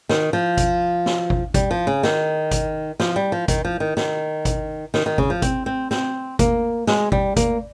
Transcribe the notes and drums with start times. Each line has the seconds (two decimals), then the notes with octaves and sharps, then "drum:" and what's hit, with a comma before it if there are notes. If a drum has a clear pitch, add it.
0.09 D#3, drum: snare
0.33 F3
0.57 drum: kick G#1, hi-hat
1.06 drum: snare
1.30 drum: kick G#1
1.54 G3, drum: kick G#1, hi-hat
1.71 F3
1.87 C#3
2.03 D#3, drum: snare
2.51 drum: kick G#1, hi-hat
3.00 F3, drum: snare
3.16 G3
3.32 F3
3.48 D#3, drum: kick G#1, hi-hat
3.65 F3
3.80 D#3
3.97 D#3, drum: snare
4.45 drum: kick G#1, hi-hat
4.94 D#3, drum: snare
5.06 D#3
5.18 C#3, drum: kick G#1
5.30 F3
5.42 C4, drum: kick G#1, hi-hat
5.66 C4
5.91 C4, drum: snare
6.39 A#3, drum: kick G#1, hi-hat
6.87 G#3, drum: snare
7.12 G3, drum: kick G#1
7.36 A#3, drum: kick G#1, hi-hat